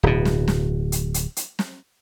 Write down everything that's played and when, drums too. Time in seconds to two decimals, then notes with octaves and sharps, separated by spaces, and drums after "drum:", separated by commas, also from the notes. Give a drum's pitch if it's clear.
0.03 D1 B2
0.25 drum: snare
0.48 drum: snare
0.92 drum: hi-hat
1.14 drum: hi-hat
1.37 drum: hi-hat
1.59 drum: snare